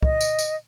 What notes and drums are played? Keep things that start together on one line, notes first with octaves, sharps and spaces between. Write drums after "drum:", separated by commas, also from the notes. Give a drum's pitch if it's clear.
D#5, drum: kick
drum: tambourine
drum: tambourine